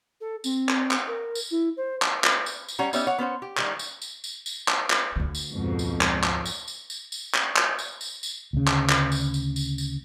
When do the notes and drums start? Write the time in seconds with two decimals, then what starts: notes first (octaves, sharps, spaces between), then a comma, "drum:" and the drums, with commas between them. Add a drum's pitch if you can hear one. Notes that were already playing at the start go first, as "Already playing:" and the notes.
0.21 A4
0.44 C4, drum: tambourine
0.69 drum: clap
0.91 drum: clap
1.07 A#4
1.35 drum: tambourine
1.51 E4
1.77 C5
2.02 drum: clap
2.24 drum: clap
2.46 drum: tambourine
2.69 drum: tambourine
2.79 G3 C#4 F#5 A#5
2.93 B3 C#4 D#4 G4 D5 E5, drum: tambourine
3.07 C#5 F#5
3.19 B3 C#4 C5 F#5
3.42 G4
3.57 D#3 G3 D#4, drum: clap
3.79 drum: tambourine
4.02 drum: tambourine
4.24 drum: tambourine
4.46 drum: tambourine
4.68 drum: clap
4.90 drum: clap
5.16 D2 D3
5.35 drum: tambourine
5.51 F2 G#2 B2
5.79 drum: tambourine
6.01 drum: clap
6.23 drum: clap
6.46 drum: tambourine
6.68 drum: tambourine
6.90 drum: tambourine
7.12 drum: tambourine
7.34 drum: clap
7.56 drum: clap
7.79 drum: tambourine
8.01 drum: tambourine
8.23 drum: tambourine
8.53 D2 C#3
8.67 drum: clap
8.90 drum: clap
9.12 drum: tambourine
9.34 drum: tambourine
9.56 drum: tambourine
9.78 drum: tambourine